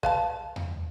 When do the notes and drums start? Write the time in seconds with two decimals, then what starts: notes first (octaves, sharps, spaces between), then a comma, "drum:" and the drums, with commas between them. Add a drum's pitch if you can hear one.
0.03 B4 F5 A5, drum: kick
0.56 drum: tom E2